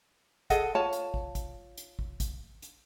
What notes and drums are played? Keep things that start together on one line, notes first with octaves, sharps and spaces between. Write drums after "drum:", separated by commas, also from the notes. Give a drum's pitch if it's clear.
G#4 A4 D#5 F#5, drum: kick, hi-hat
F4 C#5 A5
drum: hi-hat
drum: kick
drum: kick, hi-hat
drum: hi-hat
drum: kick
drum: kick, hi-hat
drum: hi-hat